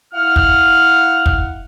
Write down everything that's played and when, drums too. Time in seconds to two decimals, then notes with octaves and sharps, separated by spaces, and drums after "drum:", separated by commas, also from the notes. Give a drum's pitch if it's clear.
0.14 E4 F5 F#5 F6
0.36 drum: kick
1.26 drum: kick